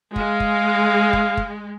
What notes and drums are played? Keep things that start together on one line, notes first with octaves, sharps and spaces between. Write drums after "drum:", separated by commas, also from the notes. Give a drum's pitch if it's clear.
G#3 F5, drum: kick
drum: kick
drum: kick
drum: kick